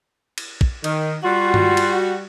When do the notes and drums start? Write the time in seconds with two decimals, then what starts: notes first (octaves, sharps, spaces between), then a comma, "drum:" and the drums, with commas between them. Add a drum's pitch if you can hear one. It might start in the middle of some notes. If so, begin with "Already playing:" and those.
0.38 drum: cymbal
0.61 drum: kick
0.84 D#3, drum: cymbal
1.24 G3 F4 F#4
1.54 drum: tom G2
1.77 drum: cymbal